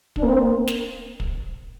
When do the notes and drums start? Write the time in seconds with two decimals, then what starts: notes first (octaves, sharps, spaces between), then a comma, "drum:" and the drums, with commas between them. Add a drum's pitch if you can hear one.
0.16 D4, drum: kick
0.22 A#3
0.28 C4
0.41 A#3
0.67 drum: snare
1.20 drum: kick